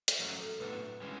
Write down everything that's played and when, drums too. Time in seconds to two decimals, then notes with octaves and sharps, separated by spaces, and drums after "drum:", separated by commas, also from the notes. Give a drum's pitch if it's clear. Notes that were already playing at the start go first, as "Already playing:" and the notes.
0.08 drum: hi-hat
0.20 F#3 A3 C#4
0.40 A4
0.60 A2 F#3 B3 D4 A4 B4
1.02 C#3 E3 G#3 C#4